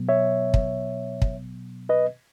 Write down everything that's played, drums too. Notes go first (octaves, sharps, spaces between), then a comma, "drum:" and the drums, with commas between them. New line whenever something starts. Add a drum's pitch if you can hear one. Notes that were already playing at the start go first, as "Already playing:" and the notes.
Already playing: B2 F#3 B3
C#5 E5
drum: kick
drum: kick
B4 D#5